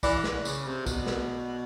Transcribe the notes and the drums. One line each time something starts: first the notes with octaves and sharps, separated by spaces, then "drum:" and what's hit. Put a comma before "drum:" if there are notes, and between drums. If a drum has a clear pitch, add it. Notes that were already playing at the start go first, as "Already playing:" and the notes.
E3 D5 D6, drum: kick, tambourine
drum: snare
C#3, drum: tambourine
C3
B2, drum: kick, tambourine
drum: snare